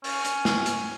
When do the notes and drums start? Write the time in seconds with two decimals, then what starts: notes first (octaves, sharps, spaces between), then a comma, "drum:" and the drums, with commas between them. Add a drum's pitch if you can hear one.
0.04 C#4, drum: open hi-hat
0.25 drum: hi-hat
0.45 drum: snare
0.66 drum: hi-hat